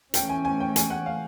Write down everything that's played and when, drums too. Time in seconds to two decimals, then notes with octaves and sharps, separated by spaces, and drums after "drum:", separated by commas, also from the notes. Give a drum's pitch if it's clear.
0.14 E3 A3 C#4 G5, drum: hi-hat
0.29 G#5
0.45 G#5
0.60 G5
0.76 G#5, drum: hi-hat
0.90 F#5
1.06 F5